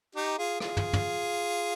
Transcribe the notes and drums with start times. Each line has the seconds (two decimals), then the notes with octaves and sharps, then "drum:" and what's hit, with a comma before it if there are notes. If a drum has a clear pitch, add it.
0.15 D#4 G4
0.38 F4 G#4
0.60 F4 G#4, drum: rim click
0.77 drum: tom
0.93 drum: tom